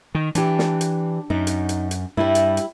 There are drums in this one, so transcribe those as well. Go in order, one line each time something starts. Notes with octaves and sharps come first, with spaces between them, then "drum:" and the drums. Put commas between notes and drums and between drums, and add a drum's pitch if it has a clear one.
D#3
E3 D4 G4, drum: hi-hat
drum: snare
drum: hi-hat
F#2 D#4
drum: hi-hat
drum: hi-hat
drum: hi-hat
G2 G3 E4
drum: hi-hat
drum: hi-hat